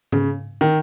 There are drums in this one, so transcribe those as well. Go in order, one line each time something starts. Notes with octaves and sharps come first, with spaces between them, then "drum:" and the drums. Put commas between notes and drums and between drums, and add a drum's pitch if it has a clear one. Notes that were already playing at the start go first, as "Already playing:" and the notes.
C#3, drum: tom G#2
D#3